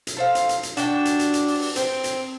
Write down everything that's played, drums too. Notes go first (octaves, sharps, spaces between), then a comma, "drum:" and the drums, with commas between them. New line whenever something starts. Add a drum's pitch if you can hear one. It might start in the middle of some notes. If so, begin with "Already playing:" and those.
drum: hi-hat
A4 C5 F5
drum: hi-hat
drum: hi-hat
drum: hi-hat
D4 F#4 G5, drum: hi-hat
drum: hi-hat
drum: hi-hat
drum: hi-hat
drum: open hi-hat
drum: open hi-hat
C4, drum: hi-hat
drum: hi-hat